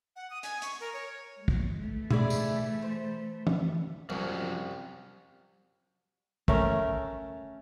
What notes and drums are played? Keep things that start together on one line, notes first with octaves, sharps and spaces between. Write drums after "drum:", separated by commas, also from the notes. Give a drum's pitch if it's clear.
F#5
D#6
G#5, drum: hi-hat
C#6, drum: hi-hat
A#4
C#5
G#3
drum: kick
E3 A3
E4 G#4 D5, drum: tom B2
drum: tambourine
C5
drum: tom E3
C2 F#2 F3
A3 C#4 A#4, drum: kick